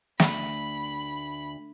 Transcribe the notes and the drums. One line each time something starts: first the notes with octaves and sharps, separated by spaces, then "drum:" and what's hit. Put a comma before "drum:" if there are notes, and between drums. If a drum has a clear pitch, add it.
D2 B5, drum: snare